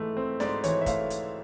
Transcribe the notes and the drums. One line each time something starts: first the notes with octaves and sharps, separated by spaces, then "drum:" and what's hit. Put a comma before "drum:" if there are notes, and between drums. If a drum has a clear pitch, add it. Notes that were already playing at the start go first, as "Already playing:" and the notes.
Already playing: G#2 E3 A3
C4
G#2 D5, drum: snare
E3 C#5, drum: hi-hat
E5
A3 F5, drum: kick, hi-hat
drum: hi-hat